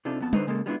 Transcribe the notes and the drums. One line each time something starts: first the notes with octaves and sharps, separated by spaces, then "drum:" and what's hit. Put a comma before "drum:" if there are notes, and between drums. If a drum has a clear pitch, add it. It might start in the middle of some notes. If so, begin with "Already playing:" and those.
C3 D4 D#4 F4 A4
F2 F3 B3 A5
D3 D#4 B4 C5, drum: tom
C#3 G#3 A#3 A4
G3 G#3 B3 D4 E4 F4